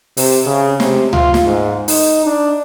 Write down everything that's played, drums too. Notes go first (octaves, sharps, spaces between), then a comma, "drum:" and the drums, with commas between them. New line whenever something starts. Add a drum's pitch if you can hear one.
C3, drum: open hi-hat
C#3
C3, drum: snare
F4, drum: tom C#2
drum: snare
G#2
D#4, drum: open hi-hat
D4